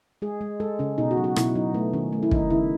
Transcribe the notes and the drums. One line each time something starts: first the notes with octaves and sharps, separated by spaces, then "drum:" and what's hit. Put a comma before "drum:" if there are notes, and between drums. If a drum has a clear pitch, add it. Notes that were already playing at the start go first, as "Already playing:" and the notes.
G#3 G#4
G#3
G#3 A4
C#3 C#4
B2 D#4
F#4
F#3
F#4
B2 E4, drum: rim click
F#3 D#4
A3 B3
D#3 C#4
A3
E4
D#3 D#4, drum: kick
C#3 E4